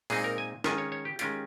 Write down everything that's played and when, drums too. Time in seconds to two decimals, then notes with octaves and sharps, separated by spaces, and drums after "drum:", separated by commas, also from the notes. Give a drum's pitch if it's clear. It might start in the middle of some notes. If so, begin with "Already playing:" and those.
0.10 A#2 G#3 C4 D#4 G#4, drum: open hi-hat
0.24 A#4
0.38 G#5
0.64 D#3 G#3 C#4 F4 G#5, drum: snare
0.78 C#5
0.92 C#5
1.05 G4
1.19 D#3 G#3 C#4 F4 G4, drum: hi-hat